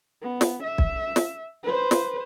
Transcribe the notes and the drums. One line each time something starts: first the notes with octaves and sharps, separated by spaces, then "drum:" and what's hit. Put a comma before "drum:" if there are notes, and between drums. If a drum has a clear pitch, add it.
B3
drum: snare
E5
drum: kick B1
drum: snare
B4 C5
drum: snare